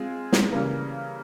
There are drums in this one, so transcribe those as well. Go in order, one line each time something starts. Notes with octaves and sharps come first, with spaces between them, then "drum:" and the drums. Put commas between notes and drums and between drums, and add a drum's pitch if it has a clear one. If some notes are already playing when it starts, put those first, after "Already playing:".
Already playing: G#3 C4 F4 G#4
drum: snare
C#3 E3 G3 A#3